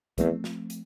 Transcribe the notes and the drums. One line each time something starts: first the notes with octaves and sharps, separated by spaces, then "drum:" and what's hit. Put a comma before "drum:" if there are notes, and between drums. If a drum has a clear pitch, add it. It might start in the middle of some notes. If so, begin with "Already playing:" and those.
E2 F3 A3 C4, drum: kick, hi-hat
drum: snare
drum: hi-hat